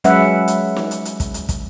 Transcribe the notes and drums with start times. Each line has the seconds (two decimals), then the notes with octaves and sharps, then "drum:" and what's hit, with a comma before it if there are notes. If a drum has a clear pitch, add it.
0.04 F#3 G#3 C#4 B4 E5 F#5, drum: hi-hat
0.48 drum: hi-hat
0.76 drum: snare
0.91 drum: hi-hat
1.05 drum: hi-hat
1.20 drum: kick, hi-hat
1.34 drum: hi-hat
1.49 drum: kick, hi-hat